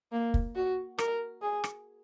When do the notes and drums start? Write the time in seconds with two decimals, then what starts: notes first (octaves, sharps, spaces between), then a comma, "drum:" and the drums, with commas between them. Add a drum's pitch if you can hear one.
0.12 A#3
0.34 drum: kick
0.55 F#4
0.98 A#4, drum: rim click
1.42 G#4
1.64 drum: rim click